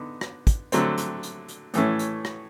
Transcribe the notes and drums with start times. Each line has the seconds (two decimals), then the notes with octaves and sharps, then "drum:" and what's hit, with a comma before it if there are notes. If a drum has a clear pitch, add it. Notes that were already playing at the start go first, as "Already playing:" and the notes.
Already playing: D3 B3 D#4
0.21 drum: rim click
0.47 drum: kick, hi-hat
0.72 D3 F#3 A3 C4, drum: hi-hat
0.98 drum: hi-hat
1.23 drum: hi-hat
1.48 drum: hi-hat
1.74 A2 E3 A3 C#4, drum: hi-hat
1.99 drum: hi-hat
2.25 drum: rim click